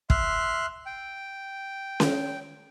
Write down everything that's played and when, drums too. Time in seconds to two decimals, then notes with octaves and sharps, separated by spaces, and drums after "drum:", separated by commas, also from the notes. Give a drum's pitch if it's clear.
0.10 E5 C6 F6 F#6, drum: kick
0.86 G5
2.00 drum: snare C#4